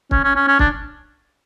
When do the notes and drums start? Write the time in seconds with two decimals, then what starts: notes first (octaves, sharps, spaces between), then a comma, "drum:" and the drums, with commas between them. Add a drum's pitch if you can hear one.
0.11 C#4, drum: kick
0.24 C#4
0.35 C#4
0.48 C#4
0.59 D4, drum: kick